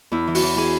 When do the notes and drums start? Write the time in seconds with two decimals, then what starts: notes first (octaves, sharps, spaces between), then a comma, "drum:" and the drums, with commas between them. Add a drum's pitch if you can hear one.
0.12 E2 E4
0.27 E3
0.35 F#4, drum: open hi-hat
0.43 E3
0.57 E3 G#4